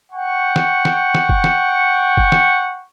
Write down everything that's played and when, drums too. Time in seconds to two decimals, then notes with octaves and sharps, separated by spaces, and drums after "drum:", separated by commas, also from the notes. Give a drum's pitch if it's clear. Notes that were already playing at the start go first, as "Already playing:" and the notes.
0.12 F#5 G5 C#6
0.56 drum: snare
0.85 drum: snare
1.15 drum: snare
1.29 drum: kick F#1
1.44 drum: snare
2.17 drum: kick F#1
2.32 drum: snare